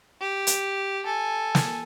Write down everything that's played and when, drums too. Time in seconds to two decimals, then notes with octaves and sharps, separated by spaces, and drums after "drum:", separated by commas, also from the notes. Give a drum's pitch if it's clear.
0.21 G4
0.47 drum: hi-hat
1.06 A4 G#5
1.55 drum: snare